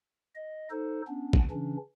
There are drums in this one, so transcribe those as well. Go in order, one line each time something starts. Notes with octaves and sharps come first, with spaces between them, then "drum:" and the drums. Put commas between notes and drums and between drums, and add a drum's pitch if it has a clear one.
D#5
D#4 A4 C5
B3 C#4 D4
drum: kick
C#3 E3 C#4 D4